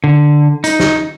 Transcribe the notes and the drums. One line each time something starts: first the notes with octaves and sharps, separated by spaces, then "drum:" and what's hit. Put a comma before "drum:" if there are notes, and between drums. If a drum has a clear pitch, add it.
D3
D#4, drum: hi-hat
drum: snare